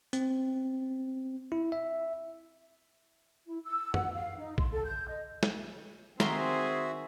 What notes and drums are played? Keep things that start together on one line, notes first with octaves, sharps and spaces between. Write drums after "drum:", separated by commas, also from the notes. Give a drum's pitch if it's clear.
C4, drum: hi-hat
E4
E5
E4
E6
F#5, drum: tom F#2
F5
D#4
C6, drum: kick A#1
A4
G6
D#5
drum: snare
D#3 C4 F#4 G#4 C5 E5 A#5 C6, drum: snare